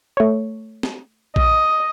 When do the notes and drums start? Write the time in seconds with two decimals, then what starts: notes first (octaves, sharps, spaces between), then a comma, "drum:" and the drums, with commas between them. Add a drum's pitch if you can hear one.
0.17 A3 C#5
0.83 drum: snare
1.36 D#5, drum: kick A#1